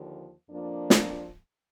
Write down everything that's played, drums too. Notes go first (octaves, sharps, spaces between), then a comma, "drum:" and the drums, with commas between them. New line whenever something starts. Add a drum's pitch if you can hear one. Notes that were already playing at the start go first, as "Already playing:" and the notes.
Already playing: D#2 D3 F3
F2 F3 A#3 D4
drum: snare